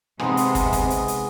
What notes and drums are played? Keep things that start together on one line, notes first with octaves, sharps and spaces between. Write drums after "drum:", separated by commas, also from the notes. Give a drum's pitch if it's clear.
C3 G#3 B3 D#4, drum: rim click
drum: hi-hat
drum: kick, hi-hat
drum: kick, hi-hat
drum: hi-hat
drum: hi-hat